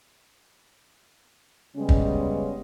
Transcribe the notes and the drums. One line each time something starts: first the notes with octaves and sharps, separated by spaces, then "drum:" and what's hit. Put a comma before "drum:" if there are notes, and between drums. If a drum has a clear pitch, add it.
C#3 G3 G#3 B3 C#4
drum: kick